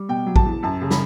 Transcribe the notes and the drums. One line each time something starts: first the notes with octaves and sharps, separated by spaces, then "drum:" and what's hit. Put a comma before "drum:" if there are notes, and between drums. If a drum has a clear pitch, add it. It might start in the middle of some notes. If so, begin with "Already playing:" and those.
Already playing: G3
B2 G5
F#3
A5, drum: kick A1
E2
F#2 A5
C#3
B5, drum: snare